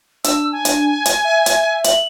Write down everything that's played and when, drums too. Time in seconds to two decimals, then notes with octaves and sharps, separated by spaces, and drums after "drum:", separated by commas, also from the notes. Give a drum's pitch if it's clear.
0.24 D4 E6, drum: hi-hat
0.52 G#5
0.65 drum: hi-hat
1.06 drum: hi-hat
1.25 E5
1.46 drum: hi-hat
1.84 F#7, drum: hi-hat